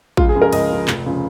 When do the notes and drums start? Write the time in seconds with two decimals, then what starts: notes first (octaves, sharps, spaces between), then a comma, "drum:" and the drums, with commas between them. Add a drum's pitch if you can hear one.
0.17 C#2 F4, drum: kick A1
0.29 G#4
0.35 C#3 F3
0.42 A#4
0.53 C#2 D#5, drum: cymbal
0.70 C#3 F3
0.88 F1, drum: clap
1.06 C#3 F3